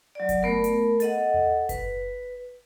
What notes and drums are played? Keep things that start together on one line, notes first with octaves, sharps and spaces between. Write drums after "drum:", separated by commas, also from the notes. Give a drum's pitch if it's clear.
F#3 D5
drum: kick F#1, hi-hat
A3 B3 A#4
drum: hi-hat
A4 D#5 F#5, drum: hi-hat
drum: tom D#2
B4, drum: kick F#1, hi-hat